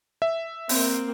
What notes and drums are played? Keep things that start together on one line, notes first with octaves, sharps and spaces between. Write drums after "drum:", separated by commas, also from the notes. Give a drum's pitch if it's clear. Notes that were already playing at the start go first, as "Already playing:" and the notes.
E5
A#3 C4, drum: open hi-hat